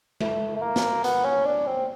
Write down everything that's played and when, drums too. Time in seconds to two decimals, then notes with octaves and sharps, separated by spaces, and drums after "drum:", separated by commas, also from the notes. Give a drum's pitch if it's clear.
0.21 A3, drum: tom G#3
0.56 A3
0.62 A#3
0.76 drum: snare
1.04 B3, drum: hi-hat
1.24 C#4
1.45 D4
1.66 C4